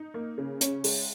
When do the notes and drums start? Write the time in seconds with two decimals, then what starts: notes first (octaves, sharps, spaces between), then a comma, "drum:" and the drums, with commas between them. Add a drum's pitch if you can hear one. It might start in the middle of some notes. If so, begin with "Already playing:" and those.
Already playing: D#4
0.14 A#3
0.38 C#3
0.61 C#4, drum: hi-hat
0.84 G#3, drum: open hi-hat